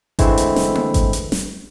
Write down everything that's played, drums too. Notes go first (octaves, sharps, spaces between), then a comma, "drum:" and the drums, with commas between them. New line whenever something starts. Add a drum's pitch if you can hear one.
D3 E3 G#3 A3 C4 E4, drum: kick G#1, hi-hat
drum: hi-hat
drum: snare
drum: tom A#3
drum: kick G#1, hi-hat
drum: hi-hat
drum: snare